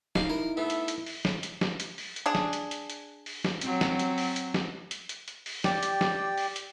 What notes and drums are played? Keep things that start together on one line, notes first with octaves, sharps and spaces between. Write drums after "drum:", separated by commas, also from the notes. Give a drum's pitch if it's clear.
D1 D#4 F5, drum: snare
E4 A#4
A3 B3 A4 E5
drum: hi-hat
drum: hi-hat
drum: open hi-hat
drum: snare
drum: hi-hat
drum: snare
drum: hi-hat
drum: open hi-hat
drum: hi-hat
D4 G#4
drum: snare
drum: hi-hat
drum: hi-hat
drum: hi-hat
drum: open hi-hat
drum: snare
F#3 C4, drum: hi-hat
drum: snare
drum: hi-hat
drum: open hi-hat
drum: hi-hat
drum: snare
drum: hi-hat
drum: hi-hat
drum: hi-hat
drum: open hi-hat
G4 D5 G5, drum: snare
drum: hi-hat
drum: snare
drum: open hi-hat
drum: hi-hat